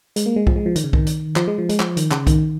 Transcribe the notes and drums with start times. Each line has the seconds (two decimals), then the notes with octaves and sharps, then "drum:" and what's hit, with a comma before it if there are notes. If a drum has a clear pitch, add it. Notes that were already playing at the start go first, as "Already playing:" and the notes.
0.16 G#3, drum: hi-hat
0.26 A#3
0.36 G#3
0.47 F3, drum: kick B1
0.56 G#3
0.66 F3
0.76 D#3, drum: hi-hat
0.84 C#3
0.93 D#3, drum: kick B1
1.07 drum: hi-hat
1.36 F3, drum: clap
1.47 G#3
1.58 F3
1.69 G#3, drum: hi-hat
1.80 F3, drum: clap
1.97 D#3, drum: hi-hat
2.11 C#3, drum: clap
2.27 D#3, drum: kick B1, hi-hat